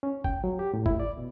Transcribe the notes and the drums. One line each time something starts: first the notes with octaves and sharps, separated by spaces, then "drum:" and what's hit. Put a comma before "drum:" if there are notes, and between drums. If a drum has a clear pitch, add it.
C#4
G5, drum: kick
F#3
G4
A2
E4, drum: kick
D5
B2